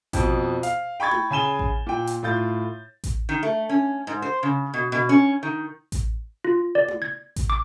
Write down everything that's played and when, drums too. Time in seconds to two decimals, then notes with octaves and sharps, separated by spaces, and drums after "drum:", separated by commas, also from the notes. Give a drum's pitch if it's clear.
0.13 F2 B2, drum: kick A1, hi-hat
0.63 F5, drum: hi-hat
1.00 G5 B5 C#6 G#6 A6
1.11 drum: tom E4
1.31 C#3 G#5 B5 E7 G7
1.59 drum: kick A1
1.87 A#2 G5
2.07 drum: hi-hat
2.23 A2 F4 G6 A6
3.04 drum: kick A1, hi-hat
3.29 D#3
3.43 A3
3.69 C#4
4.07 G#2
4.22 C5
4.43 C#3
4.74 B2
4.92 B2
5.09 C#4
5.43 D#3
5.92 drum: kick A1, hi-hat
6.45 F4
6.75 D5
6.88 drum: tom E4
7.02 G#6
7.36 drum: kick A1, hi-hat
7.50 D6